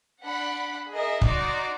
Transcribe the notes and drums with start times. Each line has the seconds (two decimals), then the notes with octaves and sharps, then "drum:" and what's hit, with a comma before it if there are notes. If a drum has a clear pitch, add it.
0.24 D4 F#5 B5 B6
0.92 G#4 A#4 D#5 E5
1.21 D#4 F#4 D5 C6 D6, drum: kick